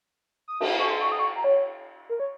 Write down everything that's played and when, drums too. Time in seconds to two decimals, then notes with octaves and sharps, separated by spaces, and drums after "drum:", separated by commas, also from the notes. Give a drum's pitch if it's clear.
0.48 D#6
0.60 drum: cymbal
0.79 C#6
0.90 C6
1.01 C#6
1.12 D#6
1.19 C#6
1.36 A#5
1.44 C#5
2.09 A#4
2.20 C#5